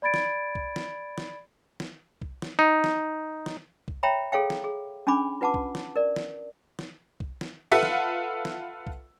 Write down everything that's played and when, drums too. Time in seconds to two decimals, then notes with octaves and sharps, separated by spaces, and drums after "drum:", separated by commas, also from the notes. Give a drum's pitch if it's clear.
0.02 D5 B5 G#6 A6 D7
0.14 drum: snare
0.55 drum: kick
0.76 drum: snare
1.18 drum: snare
1.80 drum: snare
2.22 drum: kick
2.42 drum: snare
2.59 D#4
2.84 drum: snare
3.46 drum: snare
3.88 drum: kick
4.03 C#5 E5 G5 A#5 B5
4.32 G#4 A4 C#5 F5 G5
4.50 drum: snare
4.64 G#4
5.07 C#4 D4 G#5 B5 D6
5.41 F4 B4 F#5 A5 D6
5.54 drum: kick
5.75 drum: snare
5.96 A#4 D5
6.16 drum: snare
6.79 drum: snare
7.20 drum: kick
7.41 drum: snare
7.72 F4 A4 B4 E5 F#5
7.83 drum: snare
8.45 drum: snare
8.87 drum: kick